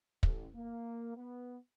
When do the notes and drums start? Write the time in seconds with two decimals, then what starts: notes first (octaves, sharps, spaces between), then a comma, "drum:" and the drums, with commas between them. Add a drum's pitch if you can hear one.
0.23 A1, drum: kick
0.55 A#3
1.16 B3